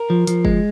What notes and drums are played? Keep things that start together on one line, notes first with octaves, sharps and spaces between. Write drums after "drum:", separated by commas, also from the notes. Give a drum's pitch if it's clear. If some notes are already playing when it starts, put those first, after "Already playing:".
Already playing: A#4
F3
F3, drum: hi-hat
G#3, drum: kick F#1